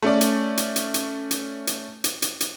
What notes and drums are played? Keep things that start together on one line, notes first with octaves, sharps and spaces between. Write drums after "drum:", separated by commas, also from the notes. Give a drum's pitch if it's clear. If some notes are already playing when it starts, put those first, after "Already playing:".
A3 C#4 D5
drum: hi-hat
drum: hi-hat
drum: hi-hat
drum: hi-hat
drum: hi-hat
drum: hi-hat
drum: hi-hat
drum: hi-hat
drum: hi-hat